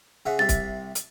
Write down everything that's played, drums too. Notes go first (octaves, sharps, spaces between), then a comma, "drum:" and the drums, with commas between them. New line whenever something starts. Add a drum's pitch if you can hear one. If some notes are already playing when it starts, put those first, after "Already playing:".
C#3 E5 F#5
C2 C3 E5 A6
drum: kick, hi-hat
drum: hi-hat